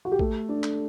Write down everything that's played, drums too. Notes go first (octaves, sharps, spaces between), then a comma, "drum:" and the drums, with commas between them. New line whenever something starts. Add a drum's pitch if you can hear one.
F#4
G4
A3 A4, drum: kick
D4
drum: clap